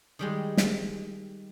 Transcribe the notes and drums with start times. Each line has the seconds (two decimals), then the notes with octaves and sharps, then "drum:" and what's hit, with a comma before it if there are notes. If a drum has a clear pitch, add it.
0.19 D#3 G3 G#3
0.57 drum: snare